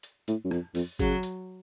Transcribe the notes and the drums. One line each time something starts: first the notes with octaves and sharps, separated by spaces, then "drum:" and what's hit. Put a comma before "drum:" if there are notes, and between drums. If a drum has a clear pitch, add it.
drum: hi-hat
A2, drum: hi-hat
F#2
F2, drum: rim click
F2, drum: open hi-hat
C#3 F#3, drum: kick, hi-hat
drum: hi-hat